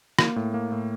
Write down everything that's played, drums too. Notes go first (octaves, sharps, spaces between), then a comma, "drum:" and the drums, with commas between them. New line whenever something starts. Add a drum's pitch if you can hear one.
A#3, drum: rim click
A2
A#3
A2